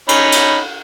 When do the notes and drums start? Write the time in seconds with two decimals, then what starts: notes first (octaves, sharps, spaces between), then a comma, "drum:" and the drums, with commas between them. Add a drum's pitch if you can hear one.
0.09 C#4 D#4 B5, drum: cymbal
0.32 drum: cymbal